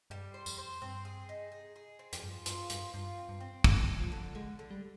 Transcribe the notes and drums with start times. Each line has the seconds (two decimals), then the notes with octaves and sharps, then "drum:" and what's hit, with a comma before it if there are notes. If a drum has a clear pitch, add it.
0.10 G2 G3
0.34 C5
0.46 F2, drum: tambourine
0.58 C5
0.82 G2 C4
1.05 G#4
1.29 D#4
1.52 G#4
1.76 G#4
1.99 C4
2.13 F2, drum: hi-hat
2.22 G2 F3
2.46 G2 F4, drum: hi-hat
2.70 G2 F3, drum: hi-hat
2.94 G2 F4
3.17 C4
3.29 G2
3.40 C4
3.64 D3 D4, drum: kick
3.88 G3
4.00 F3
4.12 D3
4.35 D3 G#3
4.59 D3
4.71 G3